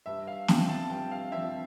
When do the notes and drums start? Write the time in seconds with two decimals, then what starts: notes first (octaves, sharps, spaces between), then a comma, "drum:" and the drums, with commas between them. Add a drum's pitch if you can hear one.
0.06 G2 E5
0.27 F5
0.48 F3 C4 G5, drum: snare
0.69 A5
0.90 G2 G5
1.11 F5
1.32 F3 C4 E5